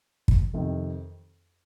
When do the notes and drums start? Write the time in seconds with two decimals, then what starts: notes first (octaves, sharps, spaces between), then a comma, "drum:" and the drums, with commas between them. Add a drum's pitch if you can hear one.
0.28 drum: kick
0.54 F2 C3 D#3